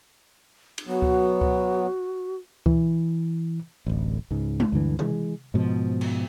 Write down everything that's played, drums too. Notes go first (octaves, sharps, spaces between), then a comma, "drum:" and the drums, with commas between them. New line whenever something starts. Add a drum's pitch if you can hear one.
drum: cymbal
F#3 B3 F#4
drum: kick C#2
drum: kick C#2
E3, drum: kick C#2
D1 A1
C#2 G#2
drum: tom G#3
D2 G2 D3 E3
E3 G#3, drum: tom C3
G#2 B2 E3 F3
drum: cymbal